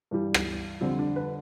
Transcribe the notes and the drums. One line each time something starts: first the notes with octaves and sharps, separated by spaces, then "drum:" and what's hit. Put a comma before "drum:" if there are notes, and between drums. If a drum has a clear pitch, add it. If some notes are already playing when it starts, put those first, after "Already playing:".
G2 E3 G3
drum: rim click
F2 D3 G3 C4
D4
B4